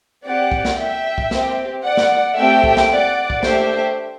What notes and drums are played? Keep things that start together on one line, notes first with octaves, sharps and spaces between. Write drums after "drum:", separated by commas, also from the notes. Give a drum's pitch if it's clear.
C4 G4 D5 F#5
drum: kick
drum: snare
E5 G5
drum: kick
C4 G4, drum: snare
D5 F#5
drum: snare
A3 C4 G4 E5 G5
drum: kick
drum: snare
D5 F#5
drum: kick
A3 D4 G4 C5 E5, drum: snare